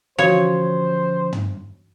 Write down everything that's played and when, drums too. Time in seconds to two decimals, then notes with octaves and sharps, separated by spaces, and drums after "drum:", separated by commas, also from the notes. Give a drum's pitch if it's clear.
0.19 D3 E3 F3 C#4 F#4 C5 C#5 F5
1.33 drum: tom